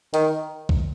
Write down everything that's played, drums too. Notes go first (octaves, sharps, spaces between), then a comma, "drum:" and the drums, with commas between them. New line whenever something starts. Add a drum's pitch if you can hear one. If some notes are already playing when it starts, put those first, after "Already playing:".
D#3, drum: hi-hat
drum: kick B1